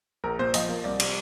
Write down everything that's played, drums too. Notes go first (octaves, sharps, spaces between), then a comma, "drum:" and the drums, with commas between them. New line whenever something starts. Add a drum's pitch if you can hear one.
A#1 A#4
A#2 C5
F3 D#5, drum: open hi-hat
A#3
C2 D5
C3, drum: cymbal